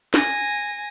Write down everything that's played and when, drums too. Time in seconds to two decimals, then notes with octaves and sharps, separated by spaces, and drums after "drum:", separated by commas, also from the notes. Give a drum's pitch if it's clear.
0.14 G#5 A#6, drum: snare